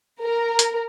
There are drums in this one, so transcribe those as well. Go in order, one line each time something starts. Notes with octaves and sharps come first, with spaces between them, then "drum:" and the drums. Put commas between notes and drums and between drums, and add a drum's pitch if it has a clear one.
A#4
drum: hi-hat